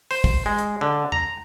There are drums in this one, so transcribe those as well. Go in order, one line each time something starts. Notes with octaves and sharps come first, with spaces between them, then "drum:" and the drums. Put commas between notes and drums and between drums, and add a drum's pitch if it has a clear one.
C5, drum: open hi-hat
drum: kick
G#3
drum: hi-hat
D3
A#5, drum: tom E2